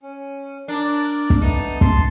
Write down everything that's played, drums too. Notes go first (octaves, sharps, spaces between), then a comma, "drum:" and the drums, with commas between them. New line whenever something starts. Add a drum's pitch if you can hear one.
C#4
D4 A#4 D5 F#6
drum: kick
A3 B3 D#4 A5
A5 C6, drum: kick